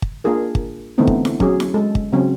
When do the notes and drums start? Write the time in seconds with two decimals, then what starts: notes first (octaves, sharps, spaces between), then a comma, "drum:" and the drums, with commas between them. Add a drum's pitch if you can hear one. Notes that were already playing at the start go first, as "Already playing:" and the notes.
0.02 drum: kick
0.24 A#3 D4 F4 G#4 A#4
0.55 drum: kick
0.98 D3 E3 A3 B3 C4 D#4
1.07 drum: kick
1.25 drum: snare E4
1.40 F#3 C#4 G#4, drum: kick
1.60 drum: snare E4
1.74 G#3 A4
1.95 drum: kick
2.12 C#3 F#3 C4 C#4